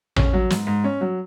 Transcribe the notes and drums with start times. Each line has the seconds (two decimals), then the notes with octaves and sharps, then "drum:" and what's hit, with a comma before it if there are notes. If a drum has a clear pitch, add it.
0.16 C#4, drum: tom A1
0.33 F#3
0.50 G#2, drum: snare
0.67 G#2
0.84 C#4
1.01 F#3